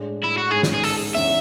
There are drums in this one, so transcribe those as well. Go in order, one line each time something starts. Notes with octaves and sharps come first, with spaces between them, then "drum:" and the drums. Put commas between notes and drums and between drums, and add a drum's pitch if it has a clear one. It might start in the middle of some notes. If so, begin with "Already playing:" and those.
Already playing: A2 G#3 D4
E4
F#4
G#2 G#3 C#4 G#4
drum: snare
G#4
A4, drum: open hi-hat
E2 C#3 E3 E5